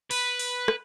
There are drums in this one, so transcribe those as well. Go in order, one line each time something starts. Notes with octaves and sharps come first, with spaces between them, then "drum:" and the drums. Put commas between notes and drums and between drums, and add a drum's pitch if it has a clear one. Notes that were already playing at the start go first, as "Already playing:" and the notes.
B4, drum: open hi-hat
drum: open hi-hat
drum: rim click